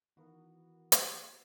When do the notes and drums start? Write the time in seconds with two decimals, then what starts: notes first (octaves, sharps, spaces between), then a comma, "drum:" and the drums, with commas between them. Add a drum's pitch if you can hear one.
0.17 D#3 E3 B3 F#4 A#4
0.92 drum: hi-hat